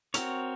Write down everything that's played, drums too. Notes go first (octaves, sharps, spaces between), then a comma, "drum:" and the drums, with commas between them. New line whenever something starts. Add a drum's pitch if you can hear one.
C4 F#4 A#4 C#5, drum: hi-hat